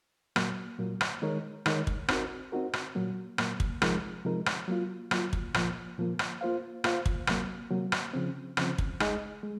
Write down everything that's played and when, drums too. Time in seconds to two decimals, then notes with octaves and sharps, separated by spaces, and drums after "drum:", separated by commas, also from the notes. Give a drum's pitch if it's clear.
0.36 A#2 F#3 A#3, drum: rim click
0.79 A#2 F#3 A#3
1.01 drum: rim click
1.22 D#3 G#3 D#4 A#4 C#5
1.66 D#3 G#3 D#4 A#4 C#5, drum: rim click
1.87 drum: kick
2.08 C4 D#4 F#4 A#4, drum: rim click
2.52 C4 D#4 F#4 A#4
2.73 drum: rim click
2.95 A#2 F#3 A#3
3.38 A#2 F#3 A#3, drum: rim click
3.60 drum: kick
3.82 C3 F3 G#3 D#4 A#4, drum: rim click
4.25 C3 F3 G#3 D#4 A#4
4.46 drum: rim click
4.68 F#3 A#3 F4
5.11 F#3 A#3 F4, drum: rim click
5.33 drum: kick
5.54 A#2 F3 A#3, drum: rim click
5.98 A#2 F3 A#3
6.19 drum: rim click
6.41 A#3 F4 C5 F5
6.84 A#3 F4 C5 F5, drum: rim click
7.06 drum: kick
7.27 C3 F#3 A#3, drum: rim click
7.71 C3 F#3 A#3
7.92 drum: rim click
8.14 C#3 F3 C4
8.57 C#3 F3 C4, drum: rim click
8.78 drum: kick
9.00 G#3 D#4 G#4 D#5, drum: rim click
9.43 G#3